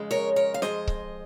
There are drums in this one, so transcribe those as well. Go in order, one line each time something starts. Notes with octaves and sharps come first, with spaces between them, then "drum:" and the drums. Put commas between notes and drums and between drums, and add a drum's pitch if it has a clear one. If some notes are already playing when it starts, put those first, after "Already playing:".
Already playing: F2 C#3 G#3
A#4 C#5
A#4 C#5
F5
F2 C#3 G#3 C5 D#5, drum: snare
drum: kick C#1